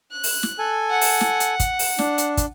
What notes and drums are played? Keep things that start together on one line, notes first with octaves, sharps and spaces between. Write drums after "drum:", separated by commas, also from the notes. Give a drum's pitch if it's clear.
F#6
drum: open hi-hat
drum: snare
A4 G#5
F#5
drum: open hi-hat
drum: snare
drum: hi-hat
drum: kick, hi-hat
drum: open hi-hat
D4, drum: snare
drum: hi-hat
drum: kick, hi-hat